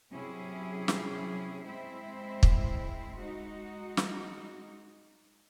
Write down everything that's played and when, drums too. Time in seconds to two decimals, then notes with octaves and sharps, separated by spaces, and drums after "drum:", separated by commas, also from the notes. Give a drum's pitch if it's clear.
0.11 C3 F#3 C#4 E4 G#4
0.88 drum: snare
1.65 G#3 C4 E4 C5 E5
2.43 drum: kick
3.20 G#3 D#4 F#4
3.97 drum: snare